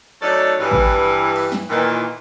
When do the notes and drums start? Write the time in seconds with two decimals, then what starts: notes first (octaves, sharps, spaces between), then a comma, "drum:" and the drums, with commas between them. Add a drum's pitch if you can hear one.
0.22 F#3 A3 C#4 D#4 A4 D5
0.59 G2 E3
0.71 drum: kick
1.36 drum: cymbal
1.52 drum: snare
1.69 A#2 D#3 E3